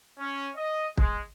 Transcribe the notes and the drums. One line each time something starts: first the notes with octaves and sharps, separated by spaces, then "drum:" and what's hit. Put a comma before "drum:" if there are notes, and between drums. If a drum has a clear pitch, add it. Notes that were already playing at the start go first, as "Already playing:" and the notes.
C#4
D#5
G#3, drum: kick